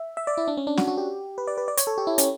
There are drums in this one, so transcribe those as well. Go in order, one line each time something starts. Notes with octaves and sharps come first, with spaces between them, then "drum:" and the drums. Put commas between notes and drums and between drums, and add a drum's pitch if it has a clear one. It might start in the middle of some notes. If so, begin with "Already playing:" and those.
Already playing: E5
E5
D5
E4
D4
C#4
D4
F#4, drum: snare
F#4
G4
B4
D5
B4
D5
C#5, drum: hi-hat
A4
G4
E4
C#4, drum: hi-hat